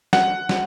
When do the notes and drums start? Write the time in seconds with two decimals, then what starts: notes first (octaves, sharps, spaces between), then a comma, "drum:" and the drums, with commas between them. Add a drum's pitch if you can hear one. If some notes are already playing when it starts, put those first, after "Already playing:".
0.13 F#5, drum: snare
0.49 drum: snare